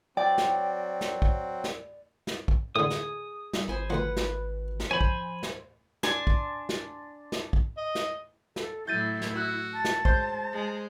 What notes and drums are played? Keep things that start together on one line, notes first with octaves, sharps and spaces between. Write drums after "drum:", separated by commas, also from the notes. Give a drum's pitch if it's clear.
F#3 C4 D5 G5
drum: snare
drum: snare
drum: kick
drum: snare
drum: snare
drum: kick
A2 D3 G#4 D#6
drum: snare
G3, drum: snare
G#1 C5 G#5 B5
D2 F3 B4 F#5
drum: snare
drum: snare
F3 C5 C#5 G#5 B5
drum: kick
drum: snare
D4 G#5 C6, drum: snare
drum: kick
drum: snare
drum: snare
drum: kick
D#5
drum: snare
A4, drum: snare
A2 F#3 E4 G6 A6 D#7
drum: snare
F#4 E6 F#6
A5
drum: snare
G#3 C5 G6, drum: kick
G#3